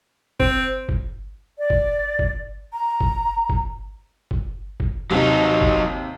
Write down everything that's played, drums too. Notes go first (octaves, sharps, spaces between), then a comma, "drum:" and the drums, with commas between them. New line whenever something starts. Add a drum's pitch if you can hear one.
C4, drum: kick G1
drum: kick G1
D5
drum: kick G1
drum: kick G1
A#5
drum: kick G1
drum: kick G1
drum: kick G1
drum: kick G1
D#2 C3 F#3 D#4
drum: kick G1